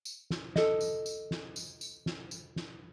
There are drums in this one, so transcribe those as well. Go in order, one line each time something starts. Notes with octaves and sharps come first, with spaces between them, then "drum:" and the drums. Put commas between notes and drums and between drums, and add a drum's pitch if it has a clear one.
drum: tambourine
drum: snare
A4 D#5, drum: snare
drum: tambourine
drum: tambourine
drum: snare
drum: tambourine
drum: tambourine
drum: snare
drum: tambourine
drum: snare